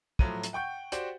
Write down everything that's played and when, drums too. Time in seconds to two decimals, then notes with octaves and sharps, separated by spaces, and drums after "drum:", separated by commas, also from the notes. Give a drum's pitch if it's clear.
0.19 A2 F3 F#3 D#7, drum: kick
0.43 drum: hi-hat
0.53 F#5 G5 C#6 G6
0.92 F#4 G4 C5 D5 F#5 G5, drum: hi-hat